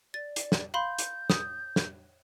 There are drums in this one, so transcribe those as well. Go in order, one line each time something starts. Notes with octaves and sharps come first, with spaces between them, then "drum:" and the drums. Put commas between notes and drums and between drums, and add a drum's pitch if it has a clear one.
D5 A6
drum: hi-hat
drum: snare
F5 B5 C6 G6
drum: hi-hat
D#6, drum: snare
drum: snare